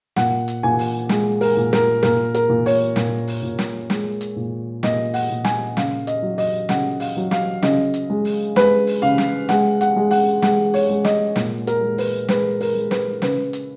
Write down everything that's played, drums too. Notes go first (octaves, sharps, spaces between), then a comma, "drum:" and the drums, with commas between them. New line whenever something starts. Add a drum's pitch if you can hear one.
A#2 F#5, drum: snare
drum: hi-hat
A#2 G#5
drum: open hi-hat
G#3, drum: snare
A#4, drum: open hi-hat
A#2
A#4, drum: snare
A#2 A#4, drum: snare
A#4, drum: hi-hat
A#2
C#5, drum: open hi-hat
A#2, drum: snare
drum: open hi-hat
A#2
drum: snare
G#3, drum: snare
drum: hi-hat
A#2
A#2 D#5, drum: snare
F#5, drum: open hi-hat
A#2
G#5, drum: snare
C#3 F5, drum: snare
D#5, drum: hi-hat
F#3
D#5, drum: open hi-hat
C#3 F#5, drum: snare
F5, drum: open hi-hat
F#3
F5, drum: snare
C#3 D#5, drum: snare
drum: hi-hat
G#3
drum: open hi-hat
G#3 B4, drum: snare
drum: open hi-hat
C#3 F5
drum: snare
G#3 F#5, drum: snare
F#5, drum: hi-hat
G#3
F#5, drum: open hi-hat
G#3 F#5, drum: snare
C#5, drum: open hi-hat
G#3
D#5, drum: snare
A#2, drum: snare
A#4, drum: hi-hat
G#3
B4, drum: open hi-hat
G#3 B4, drum: snare
A#4, drum: open hi-hat
G#3
B4, drum: snare
C#3 B4, drum: snare
drum: hi-hat